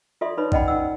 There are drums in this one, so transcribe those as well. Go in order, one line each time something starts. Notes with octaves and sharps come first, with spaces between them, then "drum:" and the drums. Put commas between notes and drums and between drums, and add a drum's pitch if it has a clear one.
F4 A4 D5 E5 C6
D#4 B4 C#5 B5
C#4 D5 D#5 F#5 G5 B5, drum: kick A#1
C#4 D#4 F#5 E6